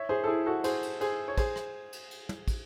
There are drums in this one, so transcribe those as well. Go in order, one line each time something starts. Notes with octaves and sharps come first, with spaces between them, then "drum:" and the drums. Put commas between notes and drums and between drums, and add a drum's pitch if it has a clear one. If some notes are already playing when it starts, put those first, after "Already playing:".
Already playing: C#5 E5
G#4 C5
A4
E4 G#4
F#4 A4
G#4 C5, drum: cymbal
drum: cymbal
G#4 C5, drum: cymbal
C#5
G#4 C5, drum: kick, cymbal
drum: rim click
drum: cymbal
drum: cymbal
drum: tom
drum: kick, cymbal